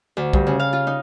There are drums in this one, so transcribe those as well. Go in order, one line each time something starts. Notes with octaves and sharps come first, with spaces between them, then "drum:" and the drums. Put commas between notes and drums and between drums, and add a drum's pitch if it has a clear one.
D2
G2, drum: kick
C#3
F5
F4
D#4